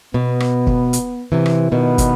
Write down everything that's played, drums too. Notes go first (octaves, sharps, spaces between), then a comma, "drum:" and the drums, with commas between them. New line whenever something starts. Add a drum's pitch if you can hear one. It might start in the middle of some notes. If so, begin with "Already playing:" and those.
B2 B3
drum: rim click
drum: kick
drum: hi-hat
C3 E3
drum: rim click
B2 D#3 B3
drum: kick, hi-hat